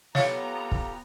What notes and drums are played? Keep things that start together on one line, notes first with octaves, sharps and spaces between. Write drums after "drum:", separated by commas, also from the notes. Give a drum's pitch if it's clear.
B3 F4 G4 A4 C#5 F5 A#5, drum: snare
drum: kick